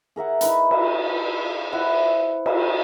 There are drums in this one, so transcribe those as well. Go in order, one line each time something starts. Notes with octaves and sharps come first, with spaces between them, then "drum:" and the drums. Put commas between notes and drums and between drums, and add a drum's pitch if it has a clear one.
G#4 A#4 E5 F#5
D#4 E4 B4, drum: hi-hat
drum: cymbal
E4 C5 F#5
drum: cymbal